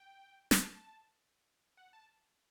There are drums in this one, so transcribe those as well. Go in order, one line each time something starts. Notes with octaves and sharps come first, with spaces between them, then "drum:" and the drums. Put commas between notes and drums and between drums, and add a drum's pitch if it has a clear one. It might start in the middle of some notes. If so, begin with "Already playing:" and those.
Already playing: G5
A5, drum: snare
F#5
A5